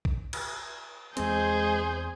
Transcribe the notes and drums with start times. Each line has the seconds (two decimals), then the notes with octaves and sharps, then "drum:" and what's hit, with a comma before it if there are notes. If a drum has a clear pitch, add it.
0.05 drum: kick
0.33 drum: cymbal
1.17 E2 G#3 C4 G#4 C5 G6, drum: hi-hat